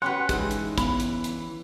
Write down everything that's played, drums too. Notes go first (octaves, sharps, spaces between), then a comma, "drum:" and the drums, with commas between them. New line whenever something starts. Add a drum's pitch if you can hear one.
C#4 F#4 G4 B4 F#5 C6
E3 G#3 D#4 D#5, drum: kick, hi-hat
drum: hi-hat
B3 B5, drum: kick, hi-hat
drum: hi-hat
drum: hi-hat